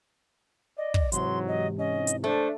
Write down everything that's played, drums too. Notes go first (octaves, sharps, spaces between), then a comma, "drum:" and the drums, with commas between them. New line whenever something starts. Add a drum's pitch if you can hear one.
D5 D#5
drum: kick
G#2 C3 E3 F#3 C6, drum: hi-hat
D#5
C#4 D#5
drum: hi-hat
A3 D4 C5